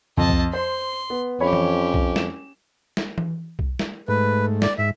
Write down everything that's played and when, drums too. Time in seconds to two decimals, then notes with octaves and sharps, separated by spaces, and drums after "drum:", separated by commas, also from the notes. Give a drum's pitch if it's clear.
0.17 F2 D#5 A5
0.29 drum: kick B1
0.53 C5 C6
1.10 B3
1.40 F2 C#4 G4 C#5 B5
1.53 drum: tom E3
1.94 drum: kick B1
2.16 E7, drum: snare
2.97 drum: snare
3.18 drum: tom E3
3.59 drum: kick B1
3.79 drum: snare
4.08 G#2 A3 B4
4.62 D5, drum: snare
4.78 G#2 E5